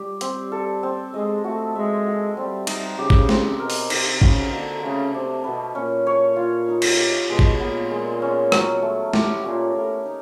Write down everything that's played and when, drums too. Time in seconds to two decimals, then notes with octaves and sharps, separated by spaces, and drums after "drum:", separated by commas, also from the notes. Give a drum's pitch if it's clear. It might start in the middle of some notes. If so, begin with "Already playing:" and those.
Already playing: G3 G4
0.21 C4, drum: hi-hat
0.52 A4
0.83 C4
1.14 G#3 D#5
1.44 A3 F#4
1.75 G#3 E5
2.07 F#4
2.37 G3 C4
2.67 G3 D#4, drum: cymbal
2.98 C#3 G4
3.10 drum: kick G#1
3.29 C4, drum: snare
3.60 B2 A#4
3.70 drum: open hi-hat
3.90 C3 D#4, drum: cymbal
4.22 C#3 F#4, drum: kick G#1
4.52 D3 A#3
4.83 C#3 A3
5.14 C3 D4
5.44 B2 B4
5.75 A#2 C#4
6.07 C#5
6.36 F4
6.68 D#4
6.82 drum: cymbal
6.99 G4
7.29 B2 G#3
7.39 drum: kick G#1
7.60 A#2 B3
7.91 G#3
8.22 C#4
8.52 F#3, drum: rim click
8.82 A3
9.13 A2 G4, drum: snare
9.45 A#2 C#4
9.75 A2 A#4
10.06 D#4